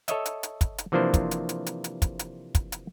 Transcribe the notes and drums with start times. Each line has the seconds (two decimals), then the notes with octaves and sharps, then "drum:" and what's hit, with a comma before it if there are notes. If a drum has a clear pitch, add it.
0.08 A4 C#5 D#5 E5, drum: hi-hat
0.26 drum: hi-hat
0.43 drum: hi-hat
0.61 drum: kick, hi-hat
0.78 drum: hi-hat
0.92 C3 E3 F3 A#3 D4 C5
1.14 drum: kick, hi-hat
1.31 drum: hi-hat
1.49 drum: hi-hat
1.66 drum: hi-hat
1.84 drum: hi-hat
2.02 drum: kick, hi-hat
2.19 drum: hi-hat
2.55 drum: kick, hi-hat
2.72 drum: hi-hat